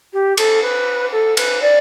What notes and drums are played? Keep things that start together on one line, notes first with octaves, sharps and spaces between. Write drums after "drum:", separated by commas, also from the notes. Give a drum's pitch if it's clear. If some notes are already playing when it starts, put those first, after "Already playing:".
G4
A4, drum: cymbal
B4
A4
B4, drum: cymbal
D5